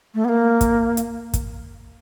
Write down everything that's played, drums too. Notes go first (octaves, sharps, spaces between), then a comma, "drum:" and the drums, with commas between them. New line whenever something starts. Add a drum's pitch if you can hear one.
A3
B3
A#3
drum: kick, hi-hat
drum: hi-hat
drum: kick, hi-hat